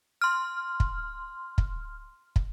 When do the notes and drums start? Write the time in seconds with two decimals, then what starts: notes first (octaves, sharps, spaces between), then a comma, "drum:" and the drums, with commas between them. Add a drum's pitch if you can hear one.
0.21 C6 F6
0.80 drum: kick
1.58 drum: kick
2.36 drum: kick